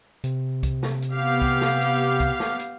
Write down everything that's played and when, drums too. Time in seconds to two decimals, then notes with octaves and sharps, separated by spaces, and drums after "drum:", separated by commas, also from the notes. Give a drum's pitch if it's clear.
0.24 C3, drum: hi-hat
0.63 drum: kick C2, hi-hat
0.83 drum: snare
1.02 drum: hi-hat
1.13 B3 G4 F5
1.42 drum: kick C2
1.61 drum: snare
1.81 drum: hi-hat
2.20 drum: kick C2, hi-hat
2.40 drum: snare
2.59 drum: hi-hat